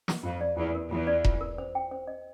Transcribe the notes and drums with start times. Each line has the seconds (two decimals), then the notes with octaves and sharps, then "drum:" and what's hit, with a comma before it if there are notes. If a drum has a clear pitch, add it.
0.08 drum: snare
0.23 F2 F4
0.41 D5
0.57 E2 F4
0.75 A#4
0.91 E2 F4
1.07 D5
1.24 F4, drum: kick E1
1.41 A#4
1.58 C5
1.75 G5
1.91 C5
2.07 D#5